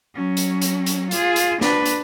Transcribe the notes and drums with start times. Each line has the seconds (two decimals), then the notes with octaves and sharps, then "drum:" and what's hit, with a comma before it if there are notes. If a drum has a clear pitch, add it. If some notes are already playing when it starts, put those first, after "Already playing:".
0.15 F#3 C#4
0.37 drum: hi-hat
0.62 drum: hi-hat
0.86 drum: hi-hat
1.11 F4 G#4, drum: hi-hat
1.36 drum: hi-hat
1.61 D4 B4, drum: snare
1.86 drum: hi-hat